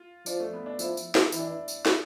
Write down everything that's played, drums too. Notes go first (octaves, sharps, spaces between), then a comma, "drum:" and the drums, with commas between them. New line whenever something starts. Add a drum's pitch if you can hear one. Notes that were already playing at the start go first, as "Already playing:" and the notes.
Already playing: F4
F3 D4, drum: tambourine
A3
B3
D4
F3 E4, drum: tambourine
drum: tambourine
drum: snare
E3 E4, drum: tambourine
D4
E4
drum: tambourine
drum: snare